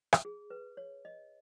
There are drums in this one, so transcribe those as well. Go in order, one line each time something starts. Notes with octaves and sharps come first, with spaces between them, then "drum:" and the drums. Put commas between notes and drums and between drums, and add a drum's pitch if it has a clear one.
drum: rim click
G#4
B4
C#5
D#5